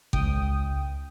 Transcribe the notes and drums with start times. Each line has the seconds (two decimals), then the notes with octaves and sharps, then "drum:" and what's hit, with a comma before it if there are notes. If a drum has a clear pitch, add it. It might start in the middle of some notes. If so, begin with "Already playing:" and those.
0.13 C#2 G5 D#6, drum: kick G#1